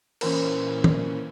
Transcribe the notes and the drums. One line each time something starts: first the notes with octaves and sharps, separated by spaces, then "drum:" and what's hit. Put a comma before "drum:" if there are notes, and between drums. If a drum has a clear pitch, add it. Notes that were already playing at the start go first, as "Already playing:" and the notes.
A#2 E3 C#4 A#4 C5, drum: cymbal
drum: tom D#3